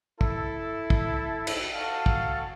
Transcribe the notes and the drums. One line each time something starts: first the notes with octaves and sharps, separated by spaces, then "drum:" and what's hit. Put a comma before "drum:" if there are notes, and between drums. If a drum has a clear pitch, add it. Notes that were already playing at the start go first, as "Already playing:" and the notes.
E4 A4, drum: kick
drum: kick
drum: cymbal
F#4 A4 F5
drum: kick